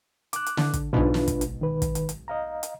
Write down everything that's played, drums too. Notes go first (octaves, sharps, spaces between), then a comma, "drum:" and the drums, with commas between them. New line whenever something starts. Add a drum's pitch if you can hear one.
D6 F#6, drum: hi-hat
drum: hi-hat
D3, drum: snare
drum: kick, hi-hat
B1 G#2 B2 D4 F4 B4
drum: snare
drum: kick, hi-hat
drum: hi-hat
D#3 B4
drum: kick, hi-hat
drum: hi-hat
drum: hi-hat
D#5 F5 A#5
drum: hi-hat